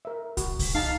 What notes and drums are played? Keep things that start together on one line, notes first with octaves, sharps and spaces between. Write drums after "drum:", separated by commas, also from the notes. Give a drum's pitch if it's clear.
A#4 E5
F#4, drum: kick, hi-hat
drum: kick, open hi-hat
D#4 F5 A5